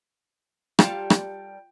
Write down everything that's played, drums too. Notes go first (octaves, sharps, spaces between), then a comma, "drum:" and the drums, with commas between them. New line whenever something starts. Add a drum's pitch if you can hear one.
G3 F4 A4 A#4 F5 G5 A5, drum: rim click
drum: rim click